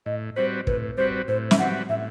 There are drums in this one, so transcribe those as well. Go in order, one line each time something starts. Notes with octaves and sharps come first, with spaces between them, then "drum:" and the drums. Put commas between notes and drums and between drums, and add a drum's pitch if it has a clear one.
A2 D#5
G3 C4 F#4 B4 C5
A2 B4, drum: kick
G3 C4 F#4 B4 C5
A2 C5
E5, drum: snare
G3 C4 F#4 B4 F#5
A2 E5